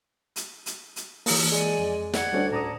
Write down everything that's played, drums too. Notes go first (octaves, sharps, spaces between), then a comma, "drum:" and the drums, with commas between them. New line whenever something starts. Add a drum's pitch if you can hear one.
drum: hi-hat
drum: hi-hat
drum: hi-hat
E3 A#3, drum: open hi-hat
G#3 D5 G#5
F2
D5 F#5 G#6, drum: snare
D2 G3 C#4 D4
A2 A4 D5 A#5 D#6